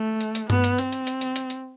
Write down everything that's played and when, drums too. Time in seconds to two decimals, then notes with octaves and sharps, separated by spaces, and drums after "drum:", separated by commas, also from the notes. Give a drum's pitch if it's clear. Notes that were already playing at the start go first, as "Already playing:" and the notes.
Already playing: A3
0.21 drum: hi-hat
0.35 drum: hi-hat
0.50 B3, drum: tom G2
0.64 drum: hi-hat
0.78 C4, drum: hi-hat
0.93 drum: hi-hat
1.07 drum: hi-hat
1.21 drum: hi-hat
1.36 drum: hi-hat
1.50 drum: hi-hat